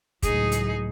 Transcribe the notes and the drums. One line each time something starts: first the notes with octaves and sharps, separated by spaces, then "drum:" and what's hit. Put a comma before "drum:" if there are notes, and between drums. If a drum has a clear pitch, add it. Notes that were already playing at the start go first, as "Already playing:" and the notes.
C#2 A2 F#3 D#4 G#4, drum: kick, hi-hat
drum: hi-hat